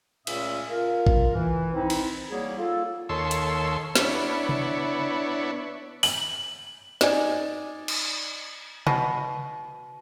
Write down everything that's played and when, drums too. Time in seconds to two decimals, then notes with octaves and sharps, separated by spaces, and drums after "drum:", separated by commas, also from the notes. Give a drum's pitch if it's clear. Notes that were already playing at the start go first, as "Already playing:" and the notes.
0.27 C#2 A#2 A3 C#4 E5 D#6, drum: cymbal
0.70 F4 A#4
1.07 drum: kick A1
1.35 E3
1.74 C4 D#4 E4
1.90 drum: cymbal
2.30 F#3 G3 A#3 G#4
2.58 F4 A4
3.09 D#2 A4 C#5 C6 E6
3.31 drum: hi-hat
3.95 B3 D4 E4 C#5, drum: snare
4.49 drum: tom C3
6.03 F#7, drum: open hi-hat
7.01 D#4 D5 G#5, drum: snare
7.88 drum: cymbal
8.87 B2, drum: tom C3